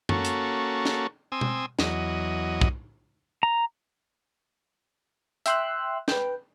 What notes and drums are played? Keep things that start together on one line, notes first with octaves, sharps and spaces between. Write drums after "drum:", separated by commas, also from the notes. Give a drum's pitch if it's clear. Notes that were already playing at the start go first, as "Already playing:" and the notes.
A#3 C#4 F#4 A4, drum: tom F#2
drum: hi-hat
drum: snare
C4 G#5 D#6 E6
drum: tom B2
E2 F#3 D#5, drum: snare
drum: kick
A#5
E5 G5 C6 E6 F#6, drum: hi-hat
B4 G5, drum: snare